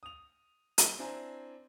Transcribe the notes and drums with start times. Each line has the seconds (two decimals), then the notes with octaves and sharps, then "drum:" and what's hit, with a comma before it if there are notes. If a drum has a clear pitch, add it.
0.03 D#6 F7
0.78 drum: hi-hat
0.98 C4 D4 E4 C5 G#5 A#5